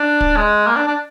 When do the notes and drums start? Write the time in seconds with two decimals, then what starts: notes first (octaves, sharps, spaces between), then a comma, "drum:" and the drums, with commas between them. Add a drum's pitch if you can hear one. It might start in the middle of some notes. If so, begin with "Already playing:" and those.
Already playing: D4
0.21 drum: kick
0.36 G#3
0.67 A#3
0.76 D4
0.87 D4